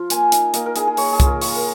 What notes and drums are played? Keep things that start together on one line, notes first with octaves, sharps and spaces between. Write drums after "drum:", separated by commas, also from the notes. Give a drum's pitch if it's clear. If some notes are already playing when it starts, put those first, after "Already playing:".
Already playing: F3 F4
A#3 G#5, drum: hi-hat
D#4, drum: hi-hat
A#3 D#5, drum: hi-hat
A#4
D#4 G#4, drum: hi-hat
G#4
A#3 C#5, drum: open hi-hat
G#4
F4, drum: kick C2, hi-hat
A#4
A#3 C#5, drum: open hi-hat
A#4